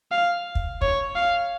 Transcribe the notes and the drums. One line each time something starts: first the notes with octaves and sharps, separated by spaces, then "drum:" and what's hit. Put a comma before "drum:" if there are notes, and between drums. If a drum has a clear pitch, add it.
F5
drum: kick
C#5, drum: kick
F5